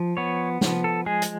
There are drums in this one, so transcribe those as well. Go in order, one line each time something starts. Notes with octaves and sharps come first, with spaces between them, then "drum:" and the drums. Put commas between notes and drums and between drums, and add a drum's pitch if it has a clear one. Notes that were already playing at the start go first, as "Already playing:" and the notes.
Already playing: F3
B3 C#5
F3, drum: snare
A4
G#3 G#4
drum: hi-hat